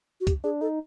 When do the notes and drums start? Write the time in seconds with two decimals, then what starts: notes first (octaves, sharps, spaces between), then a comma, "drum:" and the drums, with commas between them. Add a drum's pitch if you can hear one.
0.21 F#4
0.27 G4, drum: kick C2, hi-hat
0.44 D4 G#4
0.61 D#4 A4